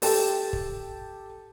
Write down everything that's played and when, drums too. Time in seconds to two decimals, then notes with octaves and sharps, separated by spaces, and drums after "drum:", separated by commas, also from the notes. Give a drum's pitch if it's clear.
0.02 G4 A4 G5 A5, drum: open hi-hat
0.53 drum: kick